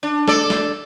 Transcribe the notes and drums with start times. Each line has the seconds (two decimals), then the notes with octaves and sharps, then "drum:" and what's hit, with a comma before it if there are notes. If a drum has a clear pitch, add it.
0.03 D4
0.28 A4 D5, drum: snare
0.50 drum: snare